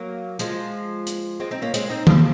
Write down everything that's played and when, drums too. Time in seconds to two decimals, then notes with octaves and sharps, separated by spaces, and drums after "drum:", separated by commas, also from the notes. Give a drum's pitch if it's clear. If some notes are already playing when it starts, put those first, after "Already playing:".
Already playing: F#3 A#3
0.39 F3 G#3, drum: hi-hat
1.06 drum: hi-hat
1.40 G#3 C4
1.51 C4 D#4
1.62 A#3 C#4
1.74 G#3 C4, drum: hi-hat
1.90 C4 D#4
2.07 C#3 F3, drum: tom D#3